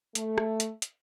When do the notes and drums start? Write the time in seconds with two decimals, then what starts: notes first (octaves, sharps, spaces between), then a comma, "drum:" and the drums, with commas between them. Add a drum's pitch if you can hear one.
0.15 A3, drum: hi-hat
0.38 drum: rim click
0.60 drum: hi-hat
0.82 drum: hi-hat